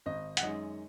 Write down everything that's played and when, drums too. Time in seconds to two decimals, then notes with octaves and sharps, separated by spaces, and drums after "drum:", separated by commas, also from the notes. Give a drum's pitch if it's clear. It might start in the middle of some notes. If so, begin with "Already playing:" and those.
0.06 G#1 D#5
0.37 F#5, drum: hi-hat
0.43 F#2 D#3 G#3 D#5